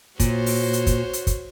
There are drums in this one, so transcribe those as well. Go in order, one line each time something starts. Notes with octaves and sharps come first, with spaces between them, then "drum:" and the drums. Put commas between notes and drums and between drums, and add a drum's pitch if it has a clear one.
A#2 F#4 C5 C#5, drum: kick, hi-hat
drum: open hi-hat
drum: hi-hat
drum: kick, hi-hat
drum: hi-hat
drum: kick, hi-hat